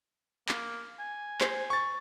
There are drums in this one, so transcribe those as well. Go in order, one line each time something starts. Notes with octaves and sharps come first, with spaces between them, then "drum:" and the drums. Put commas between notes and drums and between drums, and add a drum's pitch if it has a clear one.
A#3, drum: clap
G#5
C5, drum: clap
C#6 A6